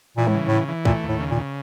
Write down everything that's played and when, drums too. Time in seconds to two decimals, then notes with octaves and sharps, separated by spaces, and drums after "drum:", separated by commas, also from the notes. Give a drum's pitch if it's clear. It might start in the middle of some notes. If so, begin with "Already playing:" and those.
0.17 A#2 E3
0.27 A2, drum: tom G3
0.34 C#3
0.47 A2 E3
0.68 E3
0.85 A#2 A3, drum: kick
1.03 D#2
1.09 A2
1.20 C#3
1.31 A#2
1.37 C#3